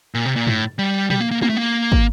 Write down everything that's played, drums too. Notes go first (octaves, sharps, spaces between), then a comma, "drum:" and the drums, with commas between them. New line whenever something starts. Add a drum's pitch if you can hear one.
A#2
C3
A#2
A2, drum: tom G2
G3
G3, drum: tom A#2
A#3
A#3
A#3, drum: tom G#3
A3
A#3
drum: kick